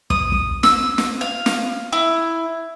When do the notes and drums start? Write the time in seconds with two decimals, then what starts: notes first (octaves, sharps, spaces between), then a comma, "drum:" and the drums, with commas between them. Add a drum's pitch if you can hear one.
0.10 D#6, drum: kick
0.32 drum: kick
0.63 E6, drum: snare
0.98 drum: snare
1.21 F5
1.46 drum: snare
1.93 E4